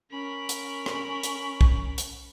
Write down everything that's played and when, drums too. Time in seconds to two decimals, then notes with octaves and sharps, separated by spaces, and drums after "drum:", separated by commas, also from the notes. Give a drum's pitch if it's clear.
0.12 C#4 A#4 B5
0.49 drum: hi-hat
0.86 drum: rim click
1.23 drum: hi-hat
1.61 drum: kick
1.98 drum: hi-hat